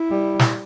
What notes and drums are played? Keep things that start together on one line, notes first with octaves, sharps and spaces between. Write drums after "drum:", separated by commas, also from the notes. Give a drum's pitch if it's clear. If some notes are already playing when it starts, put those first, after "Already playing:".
Already playing: E4
G3
drum: snare